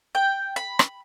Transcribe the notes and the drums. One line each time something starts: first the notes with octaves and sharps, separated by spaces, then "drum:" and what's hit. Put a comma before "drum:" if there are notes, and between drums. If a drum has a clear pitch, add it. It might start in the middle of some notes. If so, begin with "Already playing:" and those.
G5
B5
drum: rim click